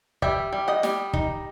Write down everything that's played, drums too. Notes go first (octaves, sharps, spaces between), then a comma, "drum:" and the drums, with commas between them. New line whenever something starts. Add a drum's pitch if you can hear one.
G3 E5 G5, drum: kick
G3
D#5 F#5
G3, drum: snare
D#4, drum: kick